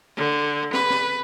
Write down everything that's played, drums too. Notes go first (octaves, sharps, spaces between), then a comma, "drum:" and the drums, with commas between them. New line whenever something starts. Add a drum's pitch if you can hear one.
D3
B4, drum: snare
drum: snare